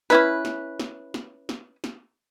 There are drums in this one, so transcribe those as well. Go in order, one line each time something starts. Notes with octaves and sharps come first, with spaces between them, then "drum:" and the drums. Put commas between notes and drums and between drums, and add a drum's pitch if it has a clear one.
C#4 E4 B4, drum: snare
drum: snare
drum: snare
drum: snare
drum: snare
drum: snare